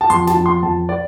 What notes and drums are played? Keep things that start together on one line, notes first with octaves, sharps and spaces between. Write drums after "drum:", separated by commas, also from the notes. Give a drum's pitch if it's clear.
A5
F2 C6, drum: hi-hat
A5, drum: snare
F2
C6
F2 A5
D5